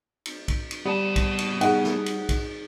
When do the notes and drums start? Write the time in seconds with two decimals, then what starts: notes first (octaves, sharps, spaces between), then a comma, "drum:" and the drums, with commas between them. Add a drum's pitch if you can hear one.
0.26 drum: cymbal
0.48 drum: kick B1, cymbal
0.71 drum: cymbal
0.86 G3 B3 A5
1.16 drum: kick B1, cymbal
1.39 drum: cymbal
1.61 D#4 G#4 F#5, drum: cymbal
1.84 drum: snare
2.06 drum: cymbal
2.29 drum: kick B1, cymbal